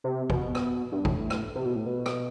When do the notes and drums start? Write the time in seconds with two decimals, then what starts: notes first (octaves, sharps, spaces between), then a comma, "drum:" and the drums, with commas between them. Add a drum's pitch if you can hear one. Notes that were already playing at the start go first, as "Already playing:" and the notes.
0.04 C3
0.30 B2, drum: kick
0.55 drum: rim click
0.92 G2
1.05 A2, drum: kick
1.30 drum: rim click
1.55 C3
1.66 B2
1.76 A2
1.86 B2
2.06 drum: rim click